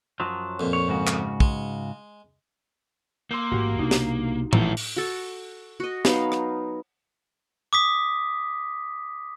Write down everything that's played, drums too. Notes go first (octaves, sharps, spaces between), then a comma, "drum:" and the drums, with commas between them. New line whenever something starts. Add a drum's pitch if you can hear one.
F#2 F3 F#3
F2 A#2
C#5
G#2 C#3 F#4
drum: clap
G#3, drum: kick
A#3 C6 E6 G6
A1 G#2 F#4 G4
C2 B2 D4 D#4
drum: snare
A1 A#2 F3 A#4 E5 A#5 G6, drum: tom A2
drum: open hi-hat
F#4 A4
F#4 D#5
F#3 B3 D#4 F5, drum: snare
drum: rim click
D6 D#6 B6